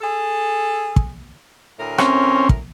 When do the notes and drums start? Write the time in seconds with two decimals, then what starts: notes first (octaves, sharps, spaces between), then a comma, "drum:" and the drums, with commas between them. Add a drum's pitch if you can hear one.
0.01 G#4 A4
0.96 drum: kick
1.79 D2 A2 A#4
1.98 C4 C#4, drum: rim click
2.49 drum: kick